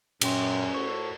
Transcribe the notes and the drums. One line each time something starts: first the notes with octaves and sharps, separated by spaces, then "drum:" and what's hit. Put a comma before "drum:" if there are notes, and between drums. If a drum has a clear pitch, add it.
F#2 A#2 C#4 G5 C6, drum: cymbal
A2 F#4 A4 C5 C#6